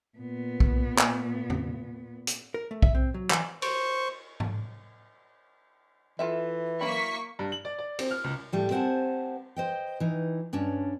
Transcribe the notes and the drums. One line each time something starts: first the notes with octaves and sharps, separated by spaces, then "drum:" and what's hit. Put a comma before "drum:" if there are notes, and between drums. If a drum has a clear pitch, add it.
A#2 B3
drum: kick B1
drum: clap
drum: tom E2
drum: hi-hat
A#4
A3
E5, drum: kick B1
C4
F#3
E3, drum: clap
C5 C#6, drum: cymbal
drum: tom G#2
E3 F4 A4 E5
F#3 A#3 E4 B5 C#6 B6
G2
F#7
D5
D5
C4, drum: cymbal
F6
C#2
A2 G3 A3
C4 A#4 C5 F#5 G#5 A5
C5 D#5 G5
E3 D#4
G2 C#4 D4 C#5